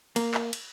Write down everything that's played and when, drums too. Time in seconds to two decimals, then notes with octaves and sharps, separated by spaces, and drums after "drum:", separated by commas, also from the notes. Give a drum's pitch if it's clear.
0.16 A#3, drum: cymbal
0.34 drum: clap
0.53 drum: cymbal